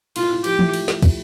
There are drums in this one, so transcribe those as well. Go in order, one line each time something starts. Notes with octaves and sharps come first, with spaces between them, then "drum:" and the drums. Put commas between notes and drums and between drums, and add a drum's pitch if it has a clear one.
A2 F4, drum: cymbal
A2
F3 G4, drum: cymbal
A3, drum: tom
drum: cymbal
drum: snare
drum: kick, cymbal